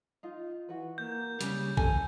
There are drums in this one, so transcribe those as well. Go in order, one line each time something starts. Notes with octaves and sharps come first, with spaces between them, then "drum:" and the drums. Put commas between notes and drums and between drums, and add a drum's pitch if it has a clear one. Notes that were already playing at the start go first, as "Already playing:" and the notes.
D#4 F4
E3 F#4 B4
A#3 G6
C#3 G3 C#4, drum: hi-hat
A4 G#5, drum: kick A1